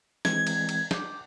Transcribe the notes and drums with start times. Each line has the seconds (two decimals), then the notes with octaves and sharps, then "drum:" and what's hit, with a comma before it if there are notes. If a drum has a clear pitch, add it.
0.25 E3 G#3 C4 G#6, drum: snare
0.47 drum: cymbal
0.69 drum: cymbal
0.91 D6 G6, drum: snare